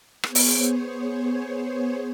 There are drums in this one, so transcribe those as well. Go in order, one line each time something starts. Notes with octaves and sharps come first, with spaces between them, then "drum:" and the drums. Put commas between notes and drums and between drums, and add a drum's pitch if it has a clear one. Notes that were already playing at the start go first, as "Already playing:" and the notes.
B3 G#4 C5 C#5, drum: rim click
drum: open hi-hat